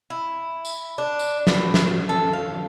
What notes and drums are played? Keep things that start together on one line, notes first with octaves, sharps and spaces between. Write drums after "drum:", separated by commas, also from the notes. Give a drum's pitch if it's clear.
E4
drum: tambourine
D4
drum: tambourine
A2, drum: snare
drum: snare
A4
F5